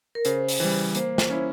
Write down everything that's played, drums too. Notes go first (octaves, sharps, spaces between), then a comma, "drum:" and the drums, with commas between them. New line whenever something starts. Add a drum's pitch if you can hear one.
A#4
C#3 C5, drum: hi-hat
drum: open hi-hat
E3 G3
A#3 C5, drum: hi-hat
drum: snare
C#4 E4